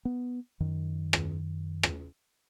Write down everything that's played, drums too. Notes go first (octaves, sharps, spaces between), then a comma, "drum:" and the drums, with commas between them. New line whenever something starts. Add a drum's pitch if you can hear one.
B3
F#2 D#3
drum: rim click
drum: rim click